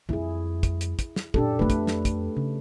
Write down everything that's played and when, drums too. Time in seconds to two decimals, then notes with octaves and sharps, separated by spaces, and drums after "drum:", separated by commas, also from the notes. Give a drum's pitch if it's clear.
0.09 F2 G3 E4 G#4
0.63 drum: kick, hi-hat
0.81 drum: hi-hat
0.99 drum: kick, hi-hat
1.16 drum: snare
1.34 F#2 A#2 D4 G4 A4, drum: kick
1.59 F2 A3 B3 B4
1.70 drum: kick, hi-hat
1.87 drum: snare
2.05 drum: kick, hi-hat
2.37 C#3